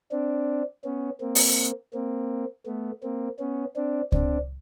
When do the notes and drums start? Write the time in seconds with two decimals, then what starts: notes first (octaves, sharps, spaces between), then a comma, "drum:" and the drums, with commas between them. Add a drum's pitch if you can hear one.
0.11 C4 D4
0.84 B3 C#4
1.20 A#3 C4
1.35 drum: open hi-hat
1.93 A#3 C4
2.66 A3 B3
3.03 A#3 C4
3.39 B3 C#4
3.76 C4 D4
4.12 C4 D4, drum: kick C#2